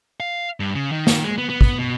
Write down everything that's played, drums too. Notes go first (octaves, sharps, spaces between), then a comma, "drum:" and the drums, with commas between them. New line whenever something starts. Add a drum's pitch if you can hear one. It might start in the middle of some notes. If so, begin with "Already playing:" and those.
F5
G2
C#3
D#3
drum: snare
G#3
B3
B3
drum: kick
B2